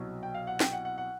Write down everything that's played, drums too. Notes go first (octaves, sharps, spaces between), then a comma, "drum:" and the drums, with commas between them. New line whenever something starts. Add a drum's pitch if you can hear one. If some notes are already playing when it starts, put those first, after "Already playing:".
Already playing: C2 B2 F#3
G5
F5
F#5
G5, drum: snare
F#5
F#5
F#5